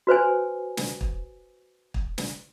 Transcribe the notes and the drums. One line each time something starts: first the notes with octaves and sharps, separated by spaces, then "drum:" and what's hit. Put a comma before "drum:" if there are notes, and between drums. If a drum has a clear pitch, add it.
F#4 B4 C5 G#5
drum: snare
drum: kick
drum: kick
drum: snare